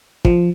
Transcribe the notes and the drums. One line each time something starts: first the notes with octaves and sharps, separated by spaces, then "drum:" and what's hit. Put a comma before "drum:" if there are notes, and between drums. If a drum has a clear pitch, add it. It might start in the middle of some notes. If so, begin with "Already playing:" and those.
F3, drum: kick